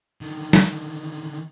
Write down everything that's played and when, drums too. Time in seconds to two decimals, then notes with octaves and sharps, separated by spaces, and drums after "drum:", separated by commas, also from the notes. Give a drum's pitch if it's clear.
0.21 D3 D#3
0.53 drum: snare